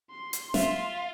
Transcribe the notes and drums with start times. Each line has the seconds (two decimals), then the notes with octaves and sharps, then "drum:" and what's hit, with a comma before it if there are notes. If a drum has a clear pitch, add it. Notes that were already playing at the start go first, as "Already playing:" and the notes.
0.11 C6
0.33 drum: hi-hat
0.54 F4 E5, drum: snare